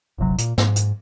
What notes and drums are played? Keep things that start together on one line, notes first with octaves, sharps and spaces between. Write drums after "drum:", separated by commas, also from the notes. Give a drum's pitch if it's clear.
D1 G1 C3 F#3
A#2, drum: hi-hat
G#2, drum: snare
drum: hi-hat